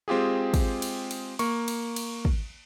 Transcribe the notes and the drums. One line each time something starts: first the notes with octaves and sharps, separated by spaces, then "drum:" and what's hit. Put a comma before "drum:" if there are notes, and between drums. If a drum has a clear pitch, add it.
G#3 C4 F4 G4 G#4
drum: kick, cymbal
drum: cymbal
drum: cymbal
A#3 C#6, drum: cymbal
drum: cymbal
drum: cymbal
drum: kick